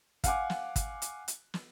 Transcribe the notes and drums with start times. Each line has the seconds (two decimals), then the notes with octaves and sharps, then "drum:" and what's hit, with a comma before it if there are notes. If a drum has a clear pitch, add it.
0.24 F5 F#5 G#5 D6, drum: kick, hi-hat
0.50 drum: snare
0.76 drum: kick, hi-hat
1.02 drum: hi-hat
1.28 drum: hi-hat
1.54 drum: snare